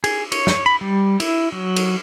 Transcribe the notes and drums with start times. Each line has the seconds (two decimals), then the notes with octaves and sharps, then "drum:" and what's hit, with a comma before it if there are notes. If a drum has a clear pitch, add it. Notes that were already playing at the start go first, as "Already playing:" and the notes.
0.04 G#4, drum: cymbal
0.32 C#5, drum: cymbal
0.47 drum: snare
0.66 B5
0.81 G3
1.20 E4, drum: cymbal
1.52 F#3
1.76 drum: cymbal